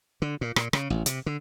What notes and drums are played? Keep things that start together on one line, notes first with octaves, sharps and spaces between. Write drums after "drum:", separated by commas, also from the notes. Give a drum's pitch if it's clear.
D3
A#2
A#2, drum: rim click
C#3, drum: rim click
A1
C3, drum: hi-hat
D3